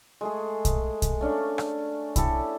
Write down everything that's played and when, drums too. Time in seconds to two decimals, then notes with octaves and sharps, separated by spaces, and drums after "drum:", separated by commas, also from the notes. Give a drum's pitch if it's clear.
0.21 G#3 A3 G#4
0.65 drum: kick, hi-hat
1.02 drum: kick, hi-hat
1.21 A3 C#4 D4 F5
1.58 drum: rim click
2.16 E4 G4 A4, drum: kick, hi-hat